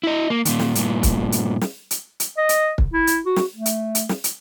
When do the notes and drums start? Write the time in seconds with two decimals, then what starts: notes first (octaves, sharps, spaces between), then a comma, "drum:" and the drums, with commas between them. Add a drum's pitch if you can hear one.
0.03 E4 D#5
0.30 A#3
0.45 D#2 A#2, drum: hi-hat
0.59 drum: snare
0.75 G2 A#2, drum: hi-hat
1.03 drum: kick, hi-hat
1.32 drum: hi-hat
1.61 drum: snare
1.91 drum: hi-hat
2.20 drum: hi-hat
2.38 D#5
2.49 drum: hi-hat
2.78 drum: kick
2.93 E4
3.07 drum: hi-hat
3.26 F#4
3.36 drum: snare
3.56 A3
3.66 drum: hi-hat
3.95 drum: hi-hat
4.09 drum: snare
4.24 drum: hi-hat